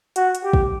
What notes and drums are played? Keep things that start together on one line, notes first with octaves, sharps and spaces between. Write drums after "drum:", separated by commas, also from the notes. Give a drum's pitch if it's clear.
F#4, drum: hi-hat
drum: hi-hat
G4
drum: kick